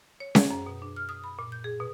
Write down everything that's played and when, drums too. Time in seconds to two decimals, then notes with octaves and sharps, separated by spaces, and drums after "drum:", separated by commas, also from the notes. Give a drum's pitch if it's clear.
0.20 C#5
0.35 G#4, drum: snare C#4
0.51 F#2
0.67 B2
0.82 D4
0.96 F6
1.09 D#6
1.24 B5
1.39 A#2
1.52 G6
1.64 G#4
1.80 B2